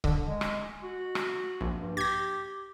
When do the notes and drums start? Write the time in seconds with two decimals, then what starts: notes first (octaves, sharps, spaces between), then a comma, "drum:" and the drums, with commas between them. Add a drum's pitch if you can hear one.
0.04 D3, drum: kick C#1
0.25 G#3
0.41 drum: rim click
0.83 F#4
1.15 drum: rim click
1.61 A#1
1.81 G2
1.97 G4 G#6 A#6